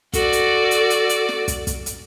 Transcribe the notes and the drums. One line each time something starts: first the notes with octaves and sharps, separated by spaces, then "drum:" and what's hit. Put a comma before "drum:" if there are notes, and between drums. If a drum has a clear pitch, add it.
F#4 A4 D5, drum: kick, hi-hat
drum: hi-hat
drum: hi-hat
drum: hi-hat
drum: hi-hat
drum: snare
drum: kick, hi-hat
drum: kick, hi-hat
drum: hi-hat